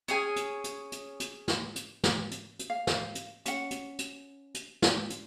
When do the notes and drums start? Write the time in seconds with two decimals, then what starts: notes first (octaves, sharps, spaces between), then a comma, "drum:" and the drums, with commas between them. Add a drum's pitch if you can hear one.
0.08 C#4 G#4 G#5, drum: hi-hat
0.36 drum: hi-hat
0.64 drum: hi-hat
0.92 drum: hi-hat
1.20 drum: hi-hat
1.48 drum: snare
1.76 drum: hi-hat
2.04 drum: snare
2.31 drum: hi-hat
2.59 drum: hi-hat
2.70 F5
2.87 drum: snare
3.15 drum: hi-hat
3.45 C#4 F#5, drum: hi-hat
3.71 drum: hi-hat
3.99 drum: hi-hat
4.54 drum: hi-hat
4.82 drum: snare
5.10 drum: hi-hat